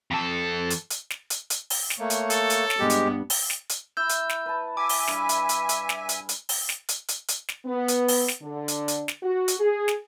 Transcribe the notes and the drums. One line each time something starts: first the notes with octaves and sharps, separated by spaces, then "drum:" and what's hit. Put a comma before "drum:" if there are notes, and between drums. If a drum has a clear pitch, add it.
F2 A4
drum: hi-hat
drum: hi-hat
drum: snare
drum: hi-hat
drum: hi-hat
drum: open hi-hat
drum: snare
A3 A#3 C#5
drum: hi-hat
A4, drum: hi-hat
drum: hi-hat
drum: snare
G2 G#3 B3 G4
drum: hi-hat
drum: open hi-hat
drum: snare
drum: hi-hat
E4 E6 G6
drum: hi-hat
drum: snare
B4 A5
E5 G#5 D6
drum: open hi-hat
G2 G#4 B5, drum: snare
drum: hi-hat
drum: hi-hat
drum: hi-hat
drum: snare
drum: hi-hat
drum: hi-hat
drum: open hi-hat
drum: snare
drum: hi-hat
drum: hi-hat
drum: hi-hat
drum: snare
B3
drum: hi-hat
drum: open hi-hat
drum: snare
D3
drum: hi-hat
drum: hi-hat
drum: snare
F#4
drum: hi-hat
G#4
drum: snare